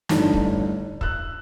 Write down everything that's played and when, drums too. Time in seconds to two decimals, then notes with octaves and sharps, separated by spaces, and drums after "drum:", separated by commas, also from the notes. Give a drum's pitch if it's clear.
0.09 G1 A2 A3 D4 D#4 C#5, drum: snare
0.33 drum: kick
1.01 E6 F#6, drum: kick